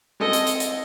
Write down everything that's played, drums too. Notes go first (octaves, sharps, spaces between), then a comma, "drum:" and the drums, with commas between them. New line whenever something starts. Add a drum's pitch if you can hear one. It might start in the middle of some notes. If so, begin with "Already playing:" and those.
G#3 C4 A4 D#5
drum: hi-hat
drum: hi-hat
drum: hi-hat